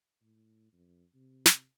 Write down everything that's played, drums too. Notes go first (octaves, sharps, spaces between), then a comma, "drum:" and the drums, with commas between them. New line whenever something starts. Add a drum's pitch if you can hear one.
A2
F2
C3
drum: snare